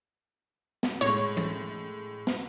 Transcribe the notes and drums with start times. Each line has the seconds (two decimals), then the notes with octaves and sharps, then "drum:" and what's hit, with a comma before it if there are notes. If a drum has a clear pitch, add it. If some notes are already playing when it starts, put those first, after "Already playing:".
0.83 drum: snare
1.01 A2 G#3 C#5
1.37 drum: tom E3
2.27 drum: snare